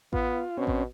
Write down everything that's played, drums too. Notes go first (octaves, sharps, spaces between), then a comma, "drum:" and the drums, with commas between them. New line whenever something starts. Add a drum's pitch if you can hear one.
B3 F4, drum: kick A1
B2 C4 C#4
drum: kick A1